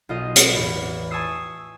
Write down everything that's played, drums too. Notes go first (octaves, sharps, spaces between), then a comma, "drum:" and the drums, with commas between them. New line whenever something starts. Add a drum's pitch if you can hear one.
B1 F4 D#5 F5
drum: hi-hat
A1 E2
G#5 A5 C#6 D#6 E6 C7